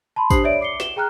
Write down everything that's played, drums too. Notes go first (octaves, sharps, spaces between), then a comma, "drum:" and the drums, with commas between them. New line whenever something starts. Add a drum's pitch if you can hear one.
A5 B5 C6
D4 G4 C5 D#6 C7 F#7, drum: kick, tambourine
C#5 D5 E5 D7
D6 C7 C#7 G7
E7 G7, drum: snare
G#4 G5 A#5 F6 F#6